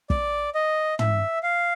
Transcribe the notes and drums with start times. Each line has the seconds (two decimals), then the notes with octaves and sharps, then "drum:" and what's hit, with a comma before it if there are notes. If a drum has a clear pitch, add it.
0.10 D5, drum: kick
0.55 D#5
0.99 E5, drum: tom
1.43 F5